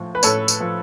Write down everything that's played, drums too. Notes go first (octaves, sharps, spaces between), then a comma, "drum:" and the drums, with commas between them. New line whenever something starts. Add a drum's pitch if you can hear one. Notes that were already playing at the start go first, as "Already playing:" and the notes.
Already playing: A2 F3
B4
A2 A4 C#5, drum: tambourine
drum: tambourine
F3